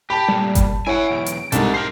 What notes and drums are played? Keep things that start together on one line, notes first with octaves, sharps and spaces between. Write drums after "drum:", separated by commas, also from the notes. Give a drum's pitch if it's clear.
G4 A5 B5
A#2 G3 A3
drum: kick G1, hi-hat
E4 C#5 F#5 G#5 D7
B1 E2
drum: hi-hat
C2 G#2 B2 A4, drum: hi-hat
A#4 C5 C7